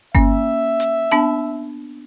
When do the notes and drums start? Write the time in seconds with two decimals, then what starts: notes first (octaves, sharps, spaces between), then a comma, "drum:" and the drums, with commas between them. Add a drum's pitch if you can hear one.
0.15 A#3 C#4 E5, drum: kick G1
0.80 drum: hi-hat
1.11 B3 D4 A5